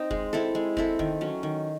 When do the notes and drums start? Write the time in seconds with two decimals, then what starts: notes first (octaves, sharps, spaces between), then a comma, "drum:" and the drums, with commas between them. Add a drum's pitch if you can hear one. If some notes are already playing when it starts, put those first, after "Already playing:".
Already playing: C4 D#4
0.11 G#3, drum: kick
0.33 C4 E4 A4
0.55 G#3
0.77 C4 E4 A4, drum: kick
0.99 D#3, drum: kick
1.21 F#3 C#4
1.43 D#3